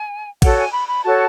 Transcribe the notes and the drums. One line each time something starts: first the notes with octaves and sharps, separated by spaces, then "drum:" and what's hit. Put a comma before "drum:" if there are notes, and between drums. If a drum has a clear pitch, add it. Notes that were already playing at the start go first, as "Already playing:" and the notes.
Already playing: G#5
F#4 A4 C#5 F#5, drum: kick A1, cymbal
G#5
B5
B5
F#4 A4 C#5 A5